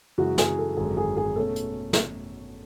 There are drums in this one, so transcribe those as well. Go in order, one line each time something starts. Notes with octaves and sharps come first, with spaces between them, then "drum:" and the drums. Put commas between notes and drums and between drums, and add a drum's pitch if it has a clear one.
F#2 C#3 E3 G#3 F#4
G#4, drum: snare
A4
G#1 F#2 D3 G#4
G#4
G#4
B2 A3 C#4 A4
drum: hi-hat
drum: snare